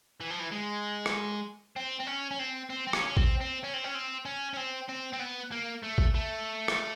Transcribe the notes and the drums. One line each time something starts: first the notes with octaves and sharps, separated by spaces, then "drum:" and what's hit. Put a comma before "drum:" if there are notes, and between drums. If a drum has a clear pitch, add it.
E3
F3
E3
G#3
drum: rim click
C4
C4
C#4
C#4
C4
C4
C4
C#4, drum: rim click
C#4
C4, drum: kick
C4
C#4
C4
C#4
C4
C#4
C#4
C4
C4
C4
B3
A#3
A3
drum: kick
A3
drum: rim click